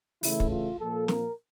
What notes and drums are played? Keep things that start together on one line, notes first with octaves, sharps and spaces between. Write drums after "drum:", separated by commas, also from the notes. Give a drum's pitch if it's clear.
C#3 E3 A3 E4, drum: open hi-hat
drum: kick
F4
A#2 F3 A#3 A4
A#4, drum: snare